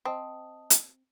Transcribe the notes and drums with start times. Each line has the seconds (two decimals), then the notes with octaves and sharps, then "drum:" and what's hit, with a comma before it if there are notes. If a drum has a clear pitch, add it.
0.05 C4 D#5 A5 D#6
0.70 drum: hi-hat